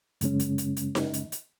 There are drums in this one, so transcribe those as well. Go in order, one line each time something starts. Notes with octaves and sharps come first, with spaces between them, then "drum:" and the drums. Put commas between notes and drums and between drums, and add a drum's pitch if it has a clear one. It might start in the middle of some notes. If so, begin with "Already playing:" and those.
F#2 C#3 G#3 C#4, drum: hi-hat
drum: hi-hat
drum: hi-hat
drum: hi-hat
drum: snare D#4
drum: hi-hat
drum: hi-hat